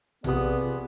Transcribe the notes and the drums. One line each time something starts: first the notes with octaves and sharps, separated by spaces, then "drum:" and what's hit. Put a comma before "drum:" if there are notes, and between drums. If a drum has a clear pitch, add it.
C3 B3 F4 G4 G#4 D5 D#6, drum: tom A#1